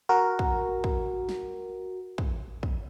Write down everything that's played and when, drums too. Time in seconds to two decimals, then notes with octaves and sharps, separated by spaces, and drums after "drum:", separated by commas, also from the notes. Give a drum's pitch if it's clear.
0.09 F#4 A#4
0.39 drum: kick
0.84 drum: kick
1.29 drum: snare
2.18 drum: kick
2.63 drum: kick